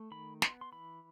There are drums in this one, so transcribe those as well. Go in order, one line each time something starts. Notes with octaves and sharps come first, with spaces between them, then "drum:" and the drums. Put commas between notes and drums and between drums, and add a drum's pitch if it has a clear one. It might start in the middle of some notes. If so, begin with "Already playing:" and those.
Already playing: A3
D#3 B5
B3 C6, drum: snare
C6
E3 B5